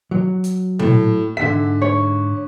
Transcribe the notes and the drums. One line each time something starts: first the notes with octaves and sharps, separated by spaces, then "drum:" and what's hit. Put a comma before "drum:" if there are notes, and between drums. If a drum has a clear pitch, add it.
F#3
drum: hi-hat
A2, drum: tom
G#2 B2 D3 E5 B6
C#5